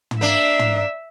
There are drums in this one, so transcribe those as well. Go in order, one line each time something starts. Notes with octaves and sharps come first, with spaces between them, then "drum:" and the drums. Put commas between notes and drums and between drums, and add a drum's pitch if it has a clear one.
drum: tom
A#3 D4 E5
drum: tom